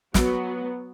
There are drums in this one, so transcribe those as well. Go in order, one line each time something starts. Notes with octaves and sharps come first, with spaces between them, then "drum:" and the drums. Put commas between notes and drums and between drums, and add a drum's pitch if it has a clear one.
F#3 B3 F#4, drum: snare